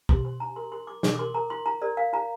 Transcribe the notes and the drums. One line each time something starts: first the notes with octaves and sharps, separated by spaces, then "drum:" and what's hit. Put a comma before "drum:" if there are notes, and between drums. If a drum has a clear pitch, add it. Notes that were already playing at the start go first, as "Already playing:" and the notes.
G4 C6, drum: kick
C5 C6
D4 A#5
A#4 C6
A#4 C6
F4 D6
F4 D6, drum: snare
D6
A#4 C6
A#4 A#5
F4 C6
F4 A#5
A#4 D5
A#4 F5
F4 A#5